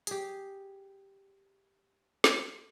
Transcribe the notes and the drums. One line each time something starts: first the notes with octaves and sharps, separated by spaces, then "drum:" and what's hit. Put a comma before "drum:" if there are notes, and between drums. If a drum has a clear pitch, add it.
G4 G#4, drum: hi-hat
drum: snare